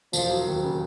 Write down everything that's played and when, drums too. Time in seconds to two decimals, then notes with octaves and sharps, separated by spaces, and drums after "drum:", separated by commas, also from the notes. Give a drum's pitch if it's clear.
0.13 E1 F3, drum: tambourine
0.30 F#3
0.47 D#2
0.63 C#3